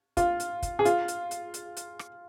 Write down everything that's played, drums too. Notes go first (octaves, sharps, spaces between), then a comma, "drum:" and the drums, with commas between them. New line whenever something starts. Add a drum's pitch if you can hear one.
F4, drum: kick, hi-hat
drum: hi-hat
drum: kick, hi-hat
G#4
F4, drum: hi-hat
drum: hi-hat
drum: hi-hat
drum: hi-hat
drum: hi-hat
drum: rim click